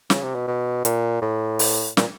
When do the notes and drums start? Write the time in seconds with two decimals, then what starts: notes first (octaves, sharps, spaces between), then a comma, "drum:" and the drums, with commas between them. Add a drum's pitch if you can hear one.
0.10 C#3, drum: snare
0.23 C3
0.35 B2
0.47 B2
0.85 A#2, drum: hi-hat
1.22 A2
1.59 drum: open hi-hat
1.97 A#2, drum: snare